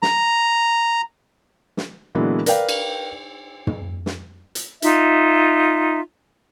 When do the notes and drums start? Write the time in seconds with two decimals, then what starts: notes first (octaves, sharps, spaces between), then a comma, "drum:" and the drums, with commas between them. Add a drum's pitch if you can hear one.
0.03 A#5, drum: snare
1.77 drum: snare
2.15 A#2 D3 E3 F#3 G#3 B3
2.46 A#4 B4 D5 F5 G5, drum: hi-hat
2.69 drum: cymbal
3.67 drum: tom
4.06 drum: snare
4.55 drum: hi-hat
4.82 D#4 F4 E5, drum: hi-hat